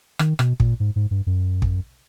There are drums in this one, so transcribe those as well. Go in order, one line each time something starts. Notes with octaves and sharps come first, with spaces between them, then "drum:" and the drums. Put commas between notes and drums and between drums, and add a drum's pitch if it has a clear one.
D#3, drum: rim click
B2, drum: rim click
A#2, drum: kick
G#2
G#2
G2
F#2
drum: kick